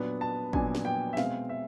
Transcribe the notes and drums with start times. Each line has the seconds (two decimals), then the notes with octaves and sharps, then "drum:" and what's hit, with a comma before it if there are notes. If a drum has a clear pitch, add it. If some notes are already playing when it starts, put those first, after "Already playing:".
Already playing: A#2 F#3 B3 D4
0.21 A5
0.53 A#2 F#3 B3 D4 G#5, drum: kick
0.75 drum: snare
0.85 G5
1.13 E5
1.17 B2 G#3 C4 F5, drum: snare
1.49 E5